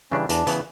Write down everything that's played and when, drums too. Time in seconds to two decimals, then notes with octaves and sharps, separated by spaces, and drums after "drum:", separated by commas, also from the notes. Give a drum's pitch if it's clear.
0.11 C#3 E3 G3 C#4 D4
0.29 E2 D4, drum: hi-hat
0.47 C#3 E3 B3, drum: hi-hat